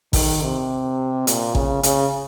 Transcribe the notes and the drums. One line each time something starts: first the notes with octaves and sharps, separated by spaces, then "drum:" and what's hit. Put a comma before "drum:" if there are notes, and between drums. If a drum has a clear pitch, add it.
D#3, drum: kick A1, open hi-hat
C3
A#2, drum: hi-hat
C#3, drum: kick A1
C#3, drum: hi-hat